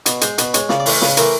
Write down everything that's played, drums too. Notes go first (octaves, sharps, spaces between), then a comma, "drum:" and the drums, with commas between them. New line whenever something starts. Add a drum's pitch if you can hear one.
B2, drum: hi-hat
G#3 C5, drum: hi-hat
B2 B4, drum: hi-hat
G#3 C#5, drum: hi-hat
C#3 D5, drum: snare
D5
E3 A3, drum: open hi-hat
C#3 B4, drum: snare
E3 A3 A#4, drum: hi-hat